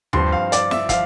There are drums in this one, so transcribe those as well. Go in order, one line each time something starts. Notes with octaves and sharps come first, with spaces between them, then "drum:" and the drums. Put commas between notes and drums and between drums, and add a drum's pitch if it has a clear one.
G2 F3 C4 C6, drum: tom D#2
F5
D5, drum: hi-hat
E5, drum: snare
F3 F5, drum: kick, hi-hat